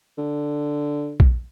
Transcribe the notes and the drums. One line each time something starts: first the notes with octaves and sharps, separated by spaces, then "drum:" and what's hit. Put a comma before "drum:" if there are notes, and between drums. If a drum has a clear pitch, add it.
D3
drum: kick